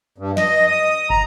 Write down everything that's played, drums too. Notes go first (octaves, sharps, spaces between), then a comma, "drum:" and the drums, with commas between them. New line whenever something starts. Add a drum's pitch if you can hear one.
G2
D#5, drum: snare
D#6
A#5, drum: kick